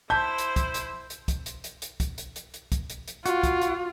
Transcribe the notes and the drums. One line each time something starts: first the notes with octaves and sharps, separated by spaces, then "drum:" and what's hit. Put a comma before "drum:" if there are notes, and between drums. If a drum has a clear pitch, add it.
E4 C5 A5 B5 G6
drum: hi-hat
drum: kick, hi-hat
drum: hi-hat
drum: hi-hat
drum: kick, hi-hat
drum: hi-hat
drum: hi-hat
drum: hi-hat
drum: kick, hi-hat
drum: hi-hat
drum: hi-hat
drum: hi-hat
drum: kick, hi-hat
drum: hi-hat
drum: hi-hat
F4 F#4, drum: hi-hat
drum: kick, hi-hat
drum: hi-hat